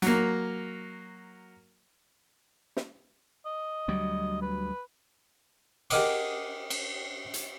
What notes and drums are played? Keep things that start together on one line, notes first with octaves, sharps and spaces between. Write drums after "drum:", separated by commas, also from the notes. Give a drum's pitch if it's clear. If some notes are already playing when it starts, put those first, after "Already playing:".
F#3 A#3, drum: hi-hat
drum: snare
D#5
D2 F#3 G3
B4
G4 G#4 A#4 D#5 F#5 D6, drum: cymbal
drum: cymbal
drum: hi-hat